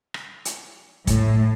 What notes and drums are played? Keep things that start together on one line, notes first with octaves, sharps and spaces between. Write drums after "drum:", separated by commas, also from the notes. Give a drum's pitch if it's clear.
drum: rim click
drum: hi-hat
A2, drum: kick, hi-hat